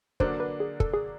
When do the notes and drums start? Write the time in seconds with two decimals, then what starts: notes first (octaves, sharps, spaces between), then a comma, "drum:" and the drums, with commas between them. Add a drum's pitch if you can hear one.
0.20 D3 F#3 A#3 D4 C5, drum: kick
0.40 B4
0.60 G#4
0.80 A4, drum: kick
0.94 G#4